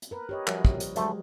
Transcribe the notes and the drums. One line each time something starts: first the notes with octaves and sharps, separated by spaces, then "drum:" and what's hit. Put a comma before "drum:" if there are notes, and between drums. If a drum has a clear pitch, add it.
drum: hi-hat
A#4 B4
G4 C#5 D#5
F#2 F3 G3, drum: clap
drum: kick
drum: hi-hat
D2 F#3 G#3 A3 C5, drum: hi-hat